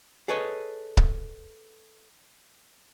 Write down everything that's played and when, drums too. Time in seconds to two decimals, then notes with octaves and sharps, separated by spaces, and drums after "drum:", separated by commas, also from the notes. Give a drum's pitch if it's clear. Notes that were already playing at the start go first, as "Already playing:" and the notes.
0.28 G#4 A4 B4 C#5 D#5
0.97 drum: kick C#1